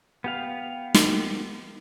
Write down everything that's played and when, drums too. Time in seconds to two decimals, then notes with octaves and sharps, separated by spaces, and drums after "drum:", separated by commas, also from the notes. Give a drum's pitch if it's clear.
0.24 B3 G4 F5
0.94 drum: snare